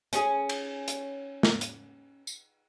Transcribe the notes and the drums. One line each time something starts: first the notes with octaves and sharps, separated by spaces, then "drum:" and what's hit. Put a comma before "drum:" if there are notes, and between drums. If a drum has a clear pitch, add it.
C#4 G#4, drum: hi-hat
drum: cymbal
drum: hi-hat
drum: snare
drum: hi-hat
drum: tambourine